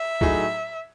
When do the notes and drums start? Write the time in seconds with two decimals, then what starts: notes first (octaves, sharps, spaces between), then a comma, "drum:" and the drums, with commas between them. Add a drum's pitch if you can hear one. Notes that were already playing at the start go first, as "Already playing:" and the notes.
Already playing: E5
0.21 A2 F#3 A3 D#4 G#4, drum: kick C#2